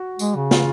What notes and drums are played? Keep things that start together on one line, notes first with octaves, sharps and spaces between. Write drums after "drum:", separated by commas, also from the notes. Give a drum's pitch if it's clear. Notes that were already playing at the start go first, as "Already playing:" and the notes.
Already playing: F#4
G#3, drum: tambourine
C#3
F4, drum: snare